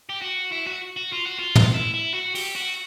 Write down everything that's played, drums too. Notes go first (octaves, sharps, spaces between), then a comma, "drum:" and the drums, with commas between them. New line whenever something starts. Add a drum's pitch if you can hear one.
G4
F#4
E4
F#4
F#4
F4
F#4
F4
drum: tom
E4
E4
F#4
G4, drum: open hi-hat
F#4